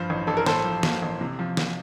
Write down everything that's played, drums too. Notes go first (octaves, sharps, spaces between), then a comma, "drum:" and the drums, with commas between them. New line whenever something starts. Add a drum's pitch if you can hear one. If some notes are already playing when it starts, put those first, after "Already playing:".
Already playing: G2 F3 C5
A1
A1 A4
A#4
A2 A4 C5, drum: snare
F3
A#3, drum: snare
A1
C3
F3
drum: snare